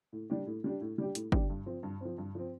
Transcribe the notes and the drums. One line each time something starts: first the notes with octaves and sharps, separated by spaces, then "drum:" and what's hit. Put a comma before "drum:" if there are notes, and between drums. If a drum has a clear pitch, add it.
A2
G3 D4 G4
A2
G3 D4 G4
A2
G3 D4 G4
A2, drum: hi-hat
G3 D4 G4, drum: kick
G2
F3 C4
G2
F3 C4
G2
F3 C4